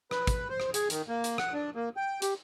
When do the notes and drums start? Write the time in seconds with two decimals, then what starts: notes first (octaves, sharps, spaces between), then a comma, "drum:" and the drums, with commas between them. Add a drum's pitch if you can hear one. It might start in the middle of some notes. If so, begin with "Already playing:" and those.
0.11 B4, drum: rim click
0.27 drum: kick, hi-hat
0.50 C5
0.60 drum: rim click
0.74 G#4, drum: hi-hat
0.90 D#3, drum: hi-hat
1.09 A#3
1.24 drum: hi-hat
1.38 F#5, drum: rim click
1.53 D4
1.75 A#3
1.97 G5
2.22 G4, drum: hi-hat